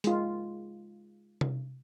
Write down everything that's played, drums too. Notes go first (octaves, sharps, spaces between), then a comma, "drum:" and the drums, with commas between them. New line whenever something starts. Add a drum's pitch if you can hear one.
G#3 F4, drum: hi-hat
drum: tom C3